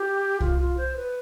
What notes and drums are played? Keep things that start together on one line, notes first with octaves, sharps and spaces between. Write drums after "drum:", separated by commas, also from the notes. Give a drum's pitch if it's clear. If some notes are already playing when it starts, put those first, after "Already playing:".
Already playing: G4
F4, drum: kick C2
F4
C5
B4